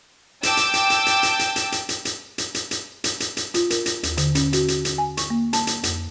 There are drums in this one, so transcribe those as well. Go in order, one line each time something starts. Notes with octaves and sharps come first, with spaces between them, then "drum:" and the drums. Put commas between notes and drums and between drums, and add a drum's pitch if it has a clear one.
G5 A5 D6 E6 G6, drum: hi-hat
drum: hi-hat
drum: hi-hat
drum: hi-hat
drum: hi-hat
drum: hi-hat
drum: hi-hat
drum: hi-hat
drum: hi-hat
drum: hi-hat
drum: hi-hat
drum: hi-hat
drum: hi-hat
drum: hi-hat
drum: hi-hat
drum: hi-hat
drum: hi-hat
F4, drum: hi-hat
A#4, drum: hi-hat
A#6, drum: hi-hat
D#2, drum: hi-hat
D3, drum: hi-hat
C#4, drum: hi-hat
F#4, drum: hi-hat
drum: hi-hat
drum: hi-hat
G#5
C#6, drum: hi-hat
A#3
A5, drum: hi-hat
drum: hi-hat
F2, drum: hi-hat